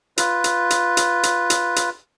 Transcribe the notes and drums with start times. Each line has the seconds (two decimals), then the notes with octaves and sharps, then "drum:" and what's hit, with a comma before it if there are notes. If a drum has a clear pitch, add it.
0.18 F4 B4, drum: hi-hat
0.44 drum: hi-hat
0.70 drum: hi-hat
0.97 drum: hi-hat
1.23 drum: hi-hat
1.50 drum: hi-hat
1.76 drum: hi-hat